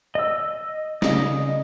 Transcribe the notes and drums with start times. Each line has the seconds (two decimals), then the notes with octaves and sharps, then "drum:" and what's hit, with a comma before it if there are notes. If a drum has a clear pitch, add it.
0.15 D#5 E6
1.02 C#3 D5 D#5, drum: snare